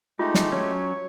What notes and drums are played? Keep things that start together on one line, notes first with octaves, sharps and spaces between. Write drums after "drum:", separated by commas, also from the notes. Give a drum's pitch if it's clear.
G#3 A3 D#4 F4 G4
drum: snare
F#3 C#4 C#5